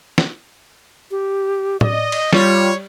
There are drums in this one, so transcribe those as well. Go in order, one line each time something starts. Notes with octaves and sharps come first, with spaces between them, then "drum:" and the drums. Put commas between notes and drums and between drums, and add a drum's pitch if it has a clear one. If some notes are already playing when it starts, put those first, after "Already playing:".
drum: snare
G4
D5 D#5, drum: tom A2
drum: cymbal
G3 F4 C#5, drum: snare